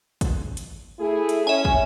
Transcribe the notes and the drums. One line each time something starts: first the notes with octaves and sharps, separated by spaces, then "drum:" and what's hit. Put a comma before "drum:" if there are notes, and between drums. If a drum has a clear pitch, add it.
drum: kick, hi-hat
drum: hi-hat
A3 E4 G#4
drum: hi-hat
C#4 E5 G#5
drum: kick